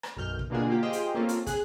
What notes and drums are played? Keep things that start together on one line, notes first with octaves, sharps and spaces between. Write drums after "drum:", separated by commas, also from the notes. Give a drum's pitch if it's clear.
drum: rim click
B1 F#2 F6 G6
drum: kick
B2 D3 A#3 F4 F#4 G#4
A#3 F4 G4
F4 G4 G#4 C5 D#5 G5
drum: hi-hat
A#3 C4 C#4 F4 A4
drum: hi-hat
G#4 F#6, drum: kick, hi-hat